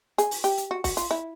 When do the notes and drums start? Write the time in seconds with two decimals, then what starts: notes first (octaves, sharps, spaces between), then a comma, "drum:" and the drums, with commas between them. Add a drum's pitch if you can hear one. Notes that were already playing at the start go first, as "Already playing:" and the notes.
0.18 G#4, drum: hi-hat
0.31 drum: open hi-hat
0.44 G4, drum: hi-hat
0.58 drum: hi-hat
0.71 F#4
0.84 F#4, drum: kick, open hi-hat
0.97 F4, drum: hi-hat
1.11 E4